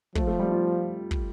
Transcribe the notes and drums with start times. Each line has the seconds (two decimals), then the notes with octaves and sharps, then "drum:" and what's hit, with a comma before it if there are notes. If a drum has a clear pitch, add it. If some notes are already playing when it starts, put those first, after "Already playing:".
0.15 F3 A3, drum: kick
0.27 A3
0.39 G3
0.52 F4
1.11 drum: kick